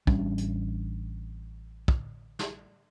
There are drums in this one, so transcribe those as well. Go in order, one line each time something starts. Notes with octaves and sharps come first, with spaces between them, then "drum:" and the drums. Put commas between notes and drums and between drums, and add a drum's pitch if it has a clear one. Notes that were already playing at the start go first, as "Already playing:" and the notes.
A1 G3 C#4 D4, drum: kick
drum: hi-hat
drum: kick
drum: snare